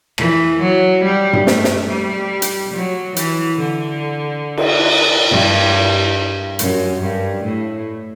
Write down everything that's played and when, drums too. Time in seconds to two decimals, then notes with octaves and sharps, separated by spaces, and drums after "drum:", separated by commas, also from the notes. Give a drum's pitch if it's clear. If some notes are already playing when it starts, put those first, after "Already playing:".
0.18 E3, drum: rim click
0.61 F#3
1.04 G3
1.33 drum: tom G2
1.47 A3, drum: snare
1.64 drum: snare
1.89 G3
2.42 drum: hi-hat
2.74 F#3
3.16 E3, drum: hi-hat
3.59 D3
4.57 drum: cymbal
5.30 G2
6.59 F#2, drum: hi-hat
7.01 G2
7.44 A2